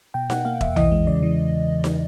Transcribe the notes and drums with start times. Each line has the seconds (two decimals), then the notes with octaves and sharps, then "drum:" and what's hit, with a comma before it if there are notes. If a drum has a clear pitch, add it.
0.14 B2 G5
0.30 B2 F#5, drum: snare D#4
0.45 A#3 F5
0.61 E2 E5, drum: kick E1
0.76 E3 D#5, drum: tom A#1
0.92 G#3
1.07 C#3 D5
1.23 E3
1.84 drum: snare D#4